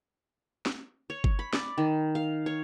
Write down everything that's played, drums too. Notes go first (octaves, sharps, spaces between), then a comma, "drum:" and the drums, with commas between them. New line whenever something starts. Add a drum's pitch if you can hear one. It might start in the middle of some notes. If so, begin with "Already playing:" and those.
drum: snare
C#5
drum: kick G1
B5
D5, drum: snare
D#3
F5
C#5